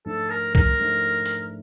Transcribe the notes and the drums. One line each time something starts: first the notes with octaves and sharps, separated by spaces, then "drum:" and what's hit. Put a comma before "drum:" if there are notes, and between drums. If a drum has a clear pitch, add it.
G#2 F3 A3 D4 A4
A#4
A#4, drum: kick C2
G#2 F3 A3 D4
drum: hi-hat